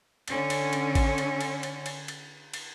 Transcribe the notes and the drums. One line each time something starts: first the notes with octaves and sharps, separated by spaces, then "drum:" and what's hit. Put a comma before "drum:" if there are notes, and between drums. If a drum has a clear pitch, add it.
D3 C#4, drum: cymbal
drum: cymbal
drum: cymbal
drum: kick A1, cymbal
drum: cymbal
drum: cymbal
drum: cymbal
drum: cymbal
drum: cymbal
drum: cymbal